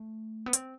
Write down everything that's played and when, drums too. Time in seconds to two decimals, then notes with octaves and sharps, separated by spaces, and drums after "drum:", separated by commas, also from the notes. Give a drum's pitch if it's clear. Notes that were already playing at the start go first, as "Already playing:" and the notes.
Already playing: A3
0.46 B3
0.53 C4, drum: hi-hat